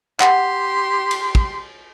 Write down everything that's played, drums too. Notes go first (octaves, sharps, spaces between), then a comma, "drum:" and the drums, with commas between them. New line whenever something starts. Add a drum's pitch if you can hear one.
G4 F#5 C6, drum: clap
drum: cymbal
drum: kick